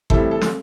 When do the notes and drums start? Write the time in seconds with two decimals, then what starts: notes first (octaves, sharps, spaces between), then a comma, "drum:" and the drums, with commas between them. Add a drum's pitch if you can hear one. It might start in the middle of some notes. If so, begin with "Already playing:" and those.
0.10 A2 E3 G3 C4 E4 A4, drum: kick G1
0.31 A4
0.41 drum: snare